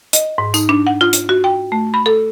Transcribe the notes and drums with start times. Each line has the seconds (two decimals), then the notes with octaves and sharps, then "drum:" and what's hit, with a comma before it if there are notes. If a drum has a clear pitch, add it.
0.13 D#5, drum: hi-hat
0.38 G#2
0.54 D#4, drum: tambourine
0.69 D4
0.87 F#5
1.01 F4
1.13 drum: hi-hat
1.29 F#4
1.44 G5
1.72 A3
1.94 B5
2.06 A4